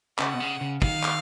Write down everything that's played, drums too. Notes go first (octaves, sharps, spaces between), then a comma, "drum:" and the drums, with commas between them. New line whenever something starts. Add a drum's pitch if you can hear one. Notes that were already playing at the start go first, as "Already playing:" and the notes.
C#3 F#5, drum: clap
B2
C#3
C#3
D#3 F5, drum: kick
drum: clap